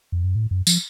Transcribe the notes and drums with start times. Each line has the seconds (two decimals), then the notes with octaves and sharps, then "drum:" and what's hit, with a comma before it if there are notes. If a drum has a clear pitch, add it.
0.12 F2
0.24 F#2
0.35 A2
0.51 F#2
0.67 F3, drum: tambourine